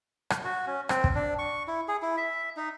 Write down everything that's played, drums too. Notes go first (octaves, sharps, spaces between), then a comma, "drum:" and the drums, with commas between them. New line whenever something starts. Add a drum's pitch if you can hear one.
drum: rim click
F#4
C#4
C4, drum: rim click
drum: kick
D4
C#6
E4
G#4
E4
E5
D#4